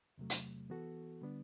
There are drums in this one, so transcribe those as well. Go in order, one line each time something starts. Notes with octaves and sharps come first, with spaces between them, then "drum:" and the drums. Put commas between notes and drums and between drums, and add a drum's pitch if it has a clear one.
E2 C3 F#3 A3
drum: hi-hat
E3 B3 F#4 A4
D3 G3 B3 D4